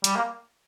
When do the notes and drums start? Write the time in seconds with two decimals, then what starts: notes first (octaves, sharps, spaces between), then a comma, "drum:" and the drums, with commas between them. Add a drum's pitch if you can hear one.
0.04 G3, drum: hi-hat
0.16 A#3